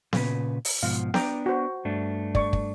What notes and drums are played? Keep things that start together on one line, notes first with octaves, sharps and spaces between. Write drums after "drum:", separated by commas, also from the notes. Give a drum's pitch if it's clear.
A#2 C#3 B4, drum: snare B3
drum: open hi-hat
G#2 B2 F3 F5
B3 D4 G5 A#5 D6, drum: snare B3
F#4 C5
G2 A3 D4
D5 C#6, drum: kick
drum: kick